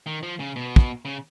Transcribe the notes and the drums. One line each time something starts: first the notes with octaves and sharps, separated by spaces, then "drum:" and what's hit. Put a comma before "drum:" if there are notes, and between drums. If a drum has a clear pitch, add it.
D#3
F3
C#3
B2
drum: kick
C#3